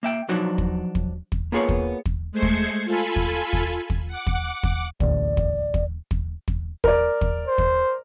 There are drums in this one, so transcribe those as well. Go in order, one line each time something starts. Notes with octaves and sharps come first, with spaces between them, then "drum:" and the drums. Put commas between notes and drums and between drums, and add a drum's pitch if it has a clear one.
A#3 E5 G5
F3 F#3 D4 D#4 F#4
drum: kick
drum: kick
drum: kick
A#3 B3 F4 G#4 A4 C#5
drum: kick
drum: kick
G#3 A3 C5 G#6 C7 C#7
drum: kick
F4 A4 G#5 B5
drum: kick
drum: kick
drum: kick
F#5 D6
drum: kick
drum: kick
A1 D2 D5, drum: kick
drum: kick
drum: kick
drum: kick
drum: kick
A#4 D5, drum: kick
drum: kick
C5
drum: kick